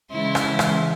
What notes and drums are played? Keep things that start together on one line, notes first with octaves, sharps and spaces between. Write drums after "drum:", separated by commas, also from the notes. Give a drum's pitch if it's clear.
C#3 E3 G#3 E4 C6
drum: rim click
drum: rim click